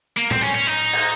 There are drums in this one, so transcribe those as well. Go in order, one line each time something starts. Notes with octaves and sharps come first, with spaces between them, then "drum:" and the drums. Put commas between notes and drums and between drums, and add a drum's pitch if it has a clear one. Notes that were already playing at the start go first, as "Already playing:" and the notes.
A#3
C4, drum: tom A2
C#4
C#4
D#4
drum: cymbal